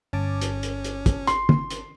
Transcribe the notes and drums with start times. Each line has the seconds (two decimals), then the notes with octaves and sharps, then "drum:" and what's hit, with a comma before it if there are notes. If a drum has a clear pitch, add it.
0.13 G1 C#4 A5 D6
0.42 drum: hi-hat
0.63 drum: hi-hat
0.84 drum: hi-hat
1.06 drum: kick, hi-hat
1.27 C6, drum: hi-hat
1.49 drum: tom
1.70 drum: hi-hat